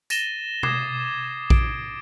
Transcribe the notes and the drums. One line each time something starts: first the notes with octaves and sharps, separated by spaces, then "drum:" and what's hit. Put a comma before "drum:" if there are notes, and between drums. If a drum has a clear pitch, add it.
A6 A#6 D#7 E7 G7, drum: tambourine
D6 D#6 G#6 A#6 C7 E7, drum: tom B2
D7, drum: kick A#1